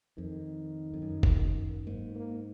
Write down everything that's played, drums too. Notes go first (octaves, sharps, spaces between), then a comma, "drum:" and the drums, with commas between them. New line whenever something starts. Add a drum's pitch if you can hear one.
F2 D#3
F2
F#2
drum: kick
G#2 A#3
A#3